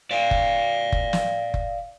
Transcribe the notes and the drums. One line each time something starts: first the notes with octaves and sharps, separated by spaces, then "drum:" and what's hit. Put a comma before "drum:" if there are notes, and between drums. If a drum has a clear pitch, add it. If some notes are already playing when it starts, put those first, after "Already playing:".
D5 F5
drum: kick F#1
drum: kick F#1
drum: snare
drum: kick F#1